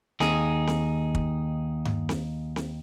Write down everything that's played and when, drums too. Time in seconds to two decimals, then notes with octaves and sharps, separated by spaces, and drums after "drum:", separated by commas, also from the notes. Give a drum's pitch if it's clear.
0.20 D#2 D#4 G#4, drum: snare C4
0.67 drum: snare C4
1.15 drum: kick
1.85 drum: tom G2
2.09 drum: snare C4
2.56 drum: snare C4